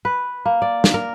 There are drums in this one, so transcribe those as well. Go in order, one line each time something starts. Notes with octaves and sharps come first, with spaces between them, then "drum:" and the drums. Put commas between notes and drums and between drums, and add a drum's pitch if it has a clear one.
B4
A#3
D5
drum: snare
A#4